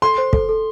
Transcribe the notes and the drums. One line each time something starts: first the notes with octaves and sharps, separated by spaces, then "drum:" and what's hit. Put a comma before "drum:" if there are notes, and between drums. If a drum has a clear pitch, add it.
A4 C6
C5
A4, drum: kick
A4